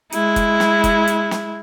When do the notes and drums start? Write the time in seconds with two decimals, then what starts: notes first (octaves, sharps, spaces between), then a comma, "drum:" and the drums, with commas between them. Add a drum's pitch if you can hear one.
0.12 G#3 E4, drum: hi-hat
0.36 drum: kick F#1, hi-hat
0.60 drum: snare
0.84 drum: kick F#1, hi-hat
1.08 drum: hi-hat
1.31 drum: snare